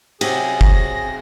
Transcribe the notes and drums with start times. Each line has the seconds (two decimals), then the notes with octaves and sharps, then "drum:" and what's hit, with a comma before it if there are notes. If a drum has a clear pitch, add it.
0.21 C3 F#3 G4 G#4 A#6, drum: cymbal
0.61 drum: kick